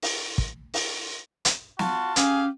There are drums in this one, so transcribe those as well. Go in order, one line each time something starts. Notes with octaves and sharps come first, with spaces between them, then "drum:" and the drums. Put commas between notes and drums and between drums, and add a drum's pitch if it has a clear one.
drum: open hi-hat
drum: kick
drum: open hi-hat
drum: hi-hat
F4 F#4 A5, drum: snare
C#4 G4 G#4 F5, drum: hi-hat